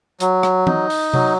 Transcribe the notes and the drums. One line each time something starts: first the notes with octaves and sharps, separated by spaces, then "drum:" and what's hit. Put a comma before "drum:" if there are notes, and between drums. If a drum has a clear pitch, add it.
F#3, drum: hi-hat
drum: rim click
D#4, drum: tom E3
drum: open hi-hat
F#3, drum: tom C3